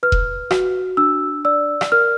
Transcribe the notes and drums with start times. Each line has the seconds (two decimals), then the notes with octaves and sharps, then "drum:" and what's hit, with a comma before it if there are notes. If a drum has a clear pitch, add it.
0.03 B4 F6
0.12 drum: kick E1
0.51 F#4, drum: rim click
0.97 D4 E6
1.45 D5 E6
1.81 drum: rim click
1.92 A#4 F6